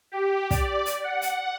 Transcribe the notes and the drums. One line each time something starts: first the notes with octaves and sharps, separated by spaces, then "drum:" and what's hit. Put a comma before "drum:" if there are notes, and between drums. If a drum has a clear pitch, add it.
G4
D5, drum: kick, hi-hat
drum: hi-hat
F#5
drum: hi-hat